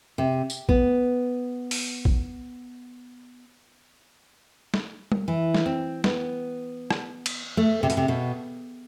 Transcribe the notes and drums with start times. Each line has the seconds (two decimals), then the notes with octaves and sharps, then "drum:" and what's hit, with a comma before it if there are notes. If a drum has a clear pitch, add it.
0.18 C3
0.50 drum: tambourine
0.69 B3, drum: kick
1.71 drum: open hi-hat
2.05 drum: kick
4.74 drum: snare
5.12 drum: tom G3
5.28 E3
5.54 drum: snare
5.66 C4
6.04 B3, drum: snare
6.91 drum: rim click
7.26 drum: cymbal
7.57 A3
7.83 C3
7.90 B2, drum: hi-hat
7.97 C3
8.08 B2